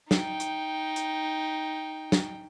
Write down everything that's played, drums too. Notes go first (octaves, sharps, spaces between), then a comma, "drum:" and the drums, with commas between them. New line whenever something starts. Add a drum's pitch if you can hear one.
D#4 G5, drum: snare
drum: hi-hat
drum: hi-hat
drum: snare